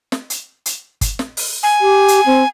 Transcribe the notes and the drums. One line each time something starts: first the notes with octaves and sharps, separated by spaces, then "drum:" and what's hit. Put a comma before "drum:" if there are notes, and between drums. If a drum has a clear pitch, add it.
drum: snare
drum: hi-hat
drum: hi-hat
drum: kick G1, hi-hat
drum: snare
drum: open hi-hat
G#5
G4
drum: hi-hat
C4